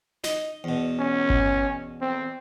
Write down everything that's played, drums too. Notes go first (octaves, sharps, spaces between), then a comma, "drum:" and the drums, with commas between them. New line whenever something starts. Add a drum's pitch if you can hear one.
D#4, drum: snare
E2 B2
C#4
drum: kick G1
C4